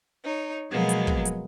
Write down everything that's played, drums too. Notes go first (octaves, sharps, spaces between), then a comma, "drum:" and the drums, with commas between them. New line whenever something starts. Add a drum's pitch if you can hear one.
D#4 C#5
B2 F3 F#3 G#3 A#3 B3
drum: hi-hat
drum: kick
drum: hi-hat